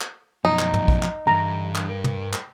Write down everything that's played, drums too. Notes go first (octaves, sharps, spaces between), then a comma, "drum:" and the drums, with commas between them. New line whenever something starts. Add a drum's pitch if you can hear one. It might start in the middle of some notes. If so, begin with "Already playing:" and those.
drum: clap
F#2 B2 F3 D#4 A#5
drum: clap
drum: tom
drum: kick A#1
drum: clap
D2 G2 D3 E3 A#5
drum: clap
A#4
drum: tom
drum: clap